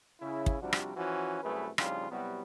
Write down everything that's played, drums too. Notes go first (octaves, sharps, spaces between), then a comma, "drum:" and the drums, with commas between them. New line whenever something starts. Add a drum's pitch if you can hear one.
C#3 E4
drum: kick
C3 F3 G3 D4 F#4
drum: rim click
E3 F3 C#4 F#4
C2 F#2 A3 G#4 B4
F2 A2 C#3 G3 D#4 F4, drum: rim click
C3 F#3 G3 B3 E4 F#4